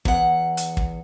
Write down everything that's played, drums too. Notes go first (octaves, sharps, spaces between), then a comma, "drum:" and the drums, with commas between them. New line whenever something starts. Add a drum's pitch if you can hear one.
E2 F#5, drum: kick
drum: hi-hat
drum: kick